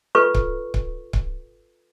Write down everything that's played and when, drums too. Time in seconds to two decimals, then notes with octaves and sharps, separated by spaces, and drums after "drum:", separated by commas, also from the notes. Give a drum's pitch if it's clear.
0.15 F4 A4 B4 C#6
0.34 drum: kick C#1
0.74 drum: kick C#1
1.13 drum: kick C#1